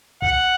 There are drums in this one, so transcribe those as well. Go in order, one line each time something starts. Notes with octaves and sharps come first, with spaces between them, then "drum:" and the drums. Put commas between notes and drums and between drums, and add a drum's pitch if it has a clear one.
F#5, drum: kick